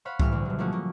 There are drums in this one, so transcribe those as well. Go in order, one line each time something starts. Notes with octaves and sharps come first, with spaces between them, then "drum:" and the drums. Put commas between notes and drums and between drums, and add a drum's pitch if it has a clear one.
C5 C#5 F5 F#5 B5
A2 E3 G3 C4 F6, drum: kick C2
D2 G2
B2 F#3
F3 F#3 A3 A#3 C#4 F#4
A#3